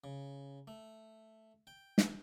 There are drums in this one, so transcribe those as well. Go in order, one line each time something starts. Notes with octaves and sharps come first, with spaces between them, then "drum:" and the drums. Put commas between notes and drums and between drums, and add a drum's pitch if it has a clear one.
C#3
A3
G5
drum: snare